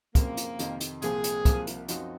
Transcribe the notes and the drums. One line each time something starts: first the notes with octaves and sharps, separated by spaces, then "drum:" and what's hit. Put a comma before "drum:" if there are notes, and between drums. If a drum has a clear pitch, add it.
F#2 C#3 F3 A#3 C4 F4, drum: kick, hi-hat
drum: hi-hat
F2 C3 D#3, drum: hi-hat
drum: hi-hat
C2 A#2 F3 C4 G#4, drum: hi-hat
drum: hi-hat
C2 C3 F3 A#3 F4, drum: kick, hi-hat
drum: hi-hat
F#2 F3 C4 D#4 F#4, drum: hi-hat